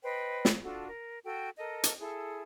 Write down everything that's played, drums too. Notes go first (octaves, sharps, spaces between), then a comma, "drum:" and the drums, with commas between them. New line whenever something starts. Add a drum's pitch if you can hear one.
B4 C5 D#5 G5
drum: snare
D4 F4 F#4 A4
A#4
F#4 A4 G5
A4 A#4 D#5
drum: hi-hat
E4 G#4 A4